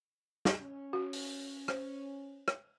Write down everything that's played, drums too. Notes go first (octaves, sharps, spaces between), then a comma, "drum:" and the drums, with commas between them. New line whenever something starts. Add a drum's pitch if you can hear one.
drum: snare
C#4
F#4
drum: open hi-hat
C5, drum: rim click
drum: rim click